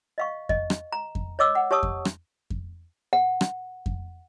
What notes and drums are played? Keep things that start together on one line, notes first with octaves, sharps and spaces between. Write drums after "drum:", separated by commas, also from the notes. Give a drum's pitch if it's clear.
D#5 F5 C#6
D#5, drum: kick F2
drum: rim click
A#5
drum: kick F2
C#5 D#5 D6 E6
F#5
G4 C#5 A5 C#6 D#6 E6
drum: kick F2
drum: rim click
drum: kick F2
F#5
drum: rim click
drum: kick F2